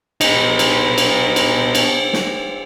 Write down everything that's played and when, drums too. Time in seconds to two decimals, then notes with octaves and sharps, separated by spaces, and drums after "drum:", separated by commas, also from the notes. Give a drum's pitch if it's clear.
0.21 B3 D#4, drum: cymbal
0.59 drum: cymbal
0.98 drum: cymbal
1.36 drum: cymbal
1.75 drum: cymbal
2.13 drum: snare